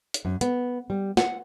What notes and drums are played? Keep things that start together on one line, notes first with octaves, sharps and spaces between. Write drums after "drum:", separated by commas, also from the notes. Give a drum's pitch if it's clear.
drum: hi-hat
F#2
B3, drum: hi-hat
G3
F#5, drum: snare